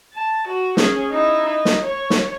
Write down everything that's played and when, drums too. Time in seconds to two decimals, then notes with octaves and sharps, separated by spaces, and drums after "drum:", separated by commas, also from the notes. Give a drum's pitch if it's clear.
0.13 A5
0.48 F#4
0.77 C#4 G#4, drum: snare
1.11 D#4 E4
1.46 D#4
1.65 drum: snare
1.83 C#5
2.10 drum: snare